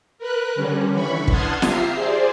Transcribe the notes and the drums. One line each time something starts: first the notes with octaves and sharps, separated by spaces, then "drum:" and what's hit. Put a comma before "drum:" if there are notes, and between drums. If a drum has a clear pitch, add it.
A#4 B4 F#6
D3 G3 C#4
D3 E3 B5 C#6
F#5 A5 C6 D#6 F6 G#6, drum: kick
F4 G4 E5 A#5 C7, drum: snare
G#4 C5 D5